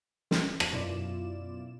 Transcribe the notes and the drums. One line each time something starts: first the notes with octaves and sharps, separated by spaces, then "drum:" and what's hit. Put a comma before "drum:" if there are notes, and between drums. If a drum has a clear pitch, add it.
drum: snare
drum: rim click
F#2 B2 E4 F4 D5 E7